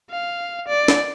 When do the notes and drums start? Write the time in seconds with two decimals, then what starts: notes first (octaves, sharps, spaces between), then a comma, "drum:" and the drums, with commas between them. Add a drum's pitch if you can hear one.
0.10 F5
0.68 D5
0.88 drum: snare